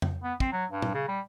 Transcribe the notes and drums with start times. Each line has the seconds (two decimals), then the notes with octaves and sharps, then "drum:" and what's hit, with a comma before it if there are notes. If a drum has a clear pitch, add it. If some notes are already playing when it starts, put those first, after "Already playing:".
0.02 drum: tom F2
0.23 B3
0.40 C4, drum: kick
0.52 F#3
0.71 G2
0.82 drum: tom
0.94 C#3
1.08 G3